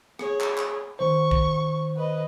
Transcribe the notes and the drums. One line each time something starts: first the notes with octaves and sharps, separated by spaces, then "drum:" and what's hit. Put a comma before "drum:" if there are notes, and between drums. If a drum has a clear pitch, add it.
G#4 C#5, drum: rim click
drum: clap
drum: clap
D#3 C5 C#6
drum: kick
B4 D#5